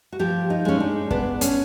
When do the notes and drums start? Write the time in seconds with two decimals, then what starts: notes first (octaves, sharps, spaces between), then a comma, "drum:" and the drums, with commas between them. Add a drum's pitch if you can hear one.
0.12 F#4
0.19 F3 G4
0.50 D#4
0.65 G#3 C#4
0.80 D4
1.11 B3 D4, drum: kick
1.41 C#4, drum: hi-hat